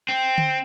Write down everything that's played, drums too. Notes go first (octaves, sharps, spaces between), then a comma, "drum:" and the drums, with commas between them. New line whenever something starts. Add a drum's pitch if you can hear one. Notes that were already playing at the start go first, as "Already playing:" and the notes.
C4
drum: tom D3